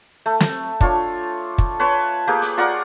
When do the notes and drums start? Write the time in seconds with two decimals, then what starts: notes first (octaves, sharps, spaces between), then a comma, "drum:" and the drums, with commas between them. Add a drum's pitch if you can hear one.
0.26 A3
0.40 drum: snare
0.81 D4 F4 C#5, drum: kick
1.58 drum: kick
1.80 B4 C#5 A5 C6
2.27 A#3 G4 G#4 B4
2.42 drum: hi-hat
2.57 F4 A#4 D5 F#5